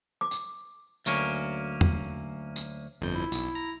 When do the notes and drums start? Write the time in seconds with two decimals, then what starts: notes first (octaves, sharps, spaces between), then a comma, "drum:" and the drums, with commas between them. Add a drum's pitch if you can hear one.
0.21 D6
0.31 drum: tambourine
1.06 D2 F#3 A#3 C#4, drum: tambourine
1.81 drum: tom E2
2.56 drum: tambourine
3.01 G1 F2 G6
3.15 E4
3.32 B1, drum: tambourine
3.55 A#5